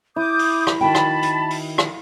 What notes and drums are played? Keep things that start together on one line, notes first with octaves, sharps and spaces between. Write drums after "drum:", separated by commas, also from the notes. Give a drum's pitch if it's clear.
E4 D6 D#6 G6
drum: open hi-hat
drum: rim click
D#3 F#4 G5 A5 B5
drum: rim click
drum: hi-hat
drum: open hi-hat
drum: rim click